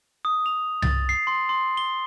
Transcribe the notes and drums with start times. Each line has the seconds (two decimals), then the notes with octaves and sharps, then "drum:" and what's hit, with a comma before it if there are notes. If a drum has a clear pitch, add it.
0.25 D#6
0.46 F7
0.82 A6, drum: tom C2
1.09 C7
1.27 C6
1.49 C6
1.77 G7